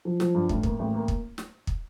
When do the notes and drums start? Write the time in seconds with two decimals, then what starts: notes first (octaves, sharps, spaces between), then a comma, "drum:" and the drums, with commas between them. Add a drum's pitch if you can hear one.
0.05 F3
0.20 F3, drum: snare
0.35 G2
0.49 A1, drum: kick
0.63 A#3, drum: kick
0.79 A1
0.94 A#3
1.08 drum: kick
1.38 drum: snare
1.67 drum: kick